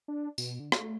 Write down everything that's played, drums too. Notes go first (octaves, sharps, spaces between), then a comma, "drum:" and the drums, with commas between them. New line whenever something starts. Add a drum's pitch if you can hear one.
D4
B2, drum: tambourine
D3
A3, drum: rim click